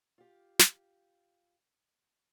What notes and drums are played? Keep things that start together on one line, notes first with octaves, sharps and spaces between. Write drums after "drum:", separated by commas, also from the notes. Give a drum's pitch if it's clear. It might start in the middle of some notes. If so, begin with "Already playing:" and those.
F4 G4
drum: snare